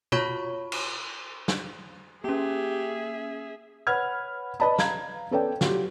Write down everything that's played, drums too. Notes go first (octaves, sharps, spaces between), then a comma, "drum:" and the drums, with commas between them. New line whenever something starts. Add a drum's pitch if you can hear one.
F4 F#4 C#5 B5 C#6, drum: tom B2
drum: cymbal
drum: snare
A#3 C#4 G4 G#4 E5
B4 C#5 F#5 B5 F6 G#6
B4 D5 D#5 A5 B5
F5 A#5 G#6, drum: snare
B3 C#4 A4 B4 D5 G5
F#3 F4 G4, drum: snare